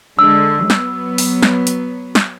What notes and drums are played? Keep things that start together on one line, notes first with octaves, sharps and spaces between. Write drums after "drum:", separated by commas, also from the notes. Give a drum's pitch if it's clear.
D3 G#3 E6
F#3 B3, drum: snare
drum: open hi-hat
drum: snare
drum: hi-hat
drum: snare